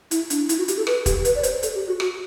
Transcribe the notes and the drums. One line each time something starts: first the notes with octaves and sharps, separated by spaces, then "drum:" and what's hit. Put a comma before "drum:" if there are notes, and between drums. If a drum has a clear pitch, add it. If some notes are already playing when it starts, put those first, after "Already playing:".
E4, drum: hi-hat
D4, drum: hi-hat
E4, drum: hi-hat
F#4
G4, drum: hi-hat
A4
B4, drum: rim click
G4, drum: kick, hi-hat
B4, drum: hi-hat
D5
C5, drum: hi-hat
A4, drum: hi-hat
G4
F#4
F#4, drum: rim click